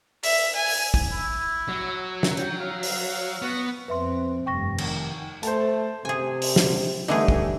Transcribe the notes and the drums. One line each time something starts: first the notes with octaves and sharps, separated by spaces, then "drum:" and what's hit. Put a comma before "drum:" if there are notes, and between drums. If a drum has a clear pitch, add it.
E5, drum: open hi-hat
G#5
drum: open hi-hat
drum: kick
E4
F#3
drum: snare
G5, drum: hi-hat
F5
drum: open hi-hat
B3 F#4
F2 C4 B4 E5 C6
F1 G2 G5 C#6 A#6
D#3, drum: cymbal
A3 C5 A5, drum: hi-hat
C3 G#4 G#5
drum: open hi-hat
drum: snare
D3 E3 G3 A3 D#4 G#4
drum: kick